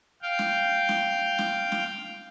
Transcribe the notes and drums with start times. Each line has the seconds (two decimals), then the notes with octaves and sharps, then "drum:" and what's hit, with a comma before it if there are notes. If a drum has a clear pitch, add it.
0.22 F5 G5
0.39 drum: snare
0.89 drum: snare
1.38 drum: snare
1.72 drum: snare